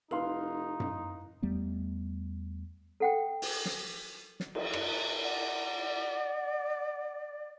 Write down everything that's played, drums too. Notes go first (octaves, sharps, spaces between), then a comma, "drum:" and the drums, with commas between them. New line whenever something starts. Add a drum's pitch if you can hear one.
F1 D#4 E4 B4 F5 C6
drum: tom F#2
E2 G3 A3 B3
A4 F#5 G5
drum: open hi-hat
drum: snare
drum: snare
drum: cymbal
drum: rim click
D5 F#5